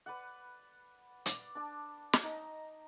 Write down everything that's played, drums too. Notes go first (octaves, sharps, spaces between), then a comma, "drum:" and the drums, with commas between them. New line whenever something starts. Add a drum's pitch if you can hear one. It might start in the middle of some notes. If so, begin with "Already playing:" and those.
B4 D5 F#5
D5, drum: hi-hat
D4 A5
drum: snare
D#4 A#5